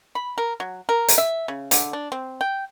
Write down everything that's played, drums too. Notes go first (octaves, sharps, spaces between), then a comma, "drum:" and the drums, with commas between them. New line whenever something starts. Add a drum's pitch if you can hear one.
B5
A#4
F#3
A#4
drum: hi-hat
E5
C#3
D3, drum: hi-hat
D4
C4
G5